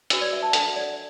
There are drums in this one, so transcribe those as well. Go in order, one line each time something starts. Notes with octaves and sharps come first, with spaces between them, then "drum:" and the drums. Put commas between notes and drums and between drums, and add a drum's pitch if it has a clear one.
D4 F#4 B4 E6, drum: hi-hat
D5
E5
A5
D4 A4 F#5, drum: hi-hat
D5